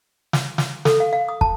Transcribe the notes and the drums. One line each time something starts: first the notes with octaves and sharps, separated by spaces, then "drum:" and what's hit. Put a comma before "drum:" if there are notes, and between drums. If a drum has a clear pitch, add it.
drum: snare
drum: snare
A4, drum: snare
F5
F5
D#6
A5, drum: kick